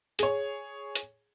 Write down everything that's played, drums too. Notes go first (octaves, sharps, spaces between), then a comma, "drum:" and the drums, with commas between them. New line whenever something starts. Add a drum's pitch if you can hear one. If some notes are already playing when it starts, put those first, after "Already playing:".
G#4 C#5, drum: hi-hat
drum: hi-hat